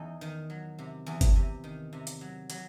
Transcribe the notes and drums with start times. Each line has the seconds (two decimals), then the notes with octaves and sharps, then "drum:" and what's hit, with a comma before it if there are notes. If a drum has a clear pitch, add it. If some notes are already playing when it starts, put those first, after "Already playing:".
Already playing: E2 D#4
0.21 D#3
0.50 F#3
0.79 C3
1.06 E2
1.21 drum: kick F#1, hi-hat
1.35 C3
1.64 D#3
1.93 C3
2.07 drum: hi-hat
2.21 F#3
2.50 F#3, drum: hi-hat